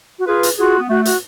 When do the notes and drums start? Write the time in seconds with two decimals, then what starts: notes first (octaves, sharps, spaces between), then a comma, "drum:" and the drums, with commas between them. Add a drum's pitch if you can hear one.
0.19 F#4
0.28 F4 G#4 B4
0.43 drum: hi-hat
0.59 F4 F#4 G#4
0.79 B3
0.90 A3 F#4
1.05 F#4, drum: hi-hat